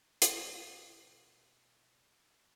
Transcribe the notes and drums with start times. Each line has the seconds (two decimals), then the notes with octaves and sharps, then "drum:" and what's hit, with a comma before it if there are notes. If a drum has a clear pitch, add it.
0.22 B2 F3, drum: hi-hat